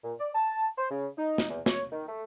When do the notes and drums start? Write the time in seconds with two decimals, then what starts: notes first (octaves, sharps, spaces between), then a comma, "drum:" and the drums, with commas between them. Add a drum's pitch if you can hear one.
0.04 A#2
0.19 D5
0.35 A5
0.78 C5
0.91 C#3
1.18 D#4
1.38 drum: snare
1.50 E2
1.66 C#5, drum: snare
1.92 D#3
2.08 A3